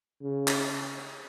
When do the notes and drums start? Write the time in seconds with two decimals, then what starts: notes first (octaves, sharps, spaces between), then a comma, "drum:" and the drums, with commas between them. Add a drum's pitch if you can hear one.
0.22 C#3
0.47 drum: clap